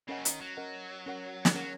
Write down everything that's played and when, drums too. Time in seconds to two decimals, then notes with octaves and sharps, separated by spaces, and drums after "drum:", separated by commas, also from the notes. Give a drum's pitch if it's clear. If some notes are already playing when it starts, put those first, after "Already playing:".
0.08 C#3 C#4 A#4 D#5 F#5
0.17 F#3
0.25 D#3, drum: hi-hat
0.41 F#3
0.57 C#4 A#4 D#5 F#5
1.06 C#4 A#4 F#5
1.45 drum: snare
1.54 F#3 C#4 A#4 F#5